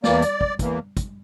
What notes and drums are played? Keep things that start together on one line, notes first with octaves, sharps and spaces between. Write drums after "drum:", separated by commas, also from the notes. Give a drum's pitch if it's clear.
E2 E3 A#3 D5, drum: snare
drum: hi-hat
drum: kick
E2 E3 A#3, drum: kick, hi-hat
drum: kick, hi-hat